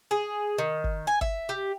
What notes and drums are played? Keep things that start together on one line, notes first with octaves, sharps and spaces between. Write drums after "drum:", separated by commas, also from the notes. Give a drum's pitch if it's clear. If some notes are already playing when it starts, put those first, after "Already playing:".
G#4
D#3
drum: kick G1
G#5
E5, drum: kick G1
G4